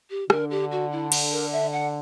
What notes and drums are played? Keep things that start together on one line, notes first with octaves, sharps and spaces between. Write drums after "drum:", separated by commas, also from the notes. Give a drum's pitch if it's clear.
G4
D3 A#4, drum: rim click
G4
F#4
E4
drum: cymbal
A#4
E5
F#5